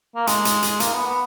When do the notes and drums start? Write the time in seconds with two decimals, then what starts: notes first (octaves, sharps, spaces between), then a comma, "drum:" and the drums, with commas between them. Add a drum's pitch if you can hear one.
0.16 A#3
0.27 G#3, drum: hi-hat
0.45 drum: hi-hat
0.63 drum: hi-hat
0.80 A#3, drum: hi-hat
0.93 B3
1.06 B3